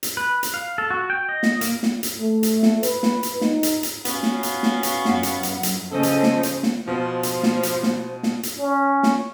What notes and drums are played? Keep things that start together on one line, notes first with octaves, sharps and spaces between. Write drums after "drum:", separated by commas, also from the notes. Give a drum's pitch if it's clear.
drum: hi-hat
B4
drum: hi-hat
F5
A4
F#4
G5
D#5
drum: snare
A#3, drum: hi-hat
drum: snare
drum: hi-hat
A3
drum: hi-hat
drum: snare
B4, drum: hi-hat
drum: snare
drum: hi-hat
D#4, drum: snare
drum: hi-hat
drum: hi-hat
B3 C#4 F#4 F5, drum: hi-hat
drum: snare
drum: hi-hat
drum: snare
drum: hi-hat
F#2 F#5, drum: snare
drum: hi-hat
drum: hi-hat
drum: hi-hat
C#3 F3 C#4 A4 C5 D#5
drum: hi-hat
drum: snare
drum: hi-hat
drum: snare
B2 F3 B3 C5
drum: hi-hat
drum: snare
drum: hi-hat
drum: snare
drum: snare
drum: hi-hat
C#4
drum: snare